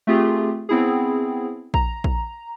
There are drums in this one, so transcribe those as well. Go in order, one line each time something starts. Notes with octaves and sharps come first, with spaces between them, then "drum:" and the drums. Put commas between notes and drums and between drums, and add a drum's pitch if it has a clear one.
A3 C4 F4 G4 G#4
B3 C4 E4 G#4
A#5, drum: kick A#1
drum: kick A#1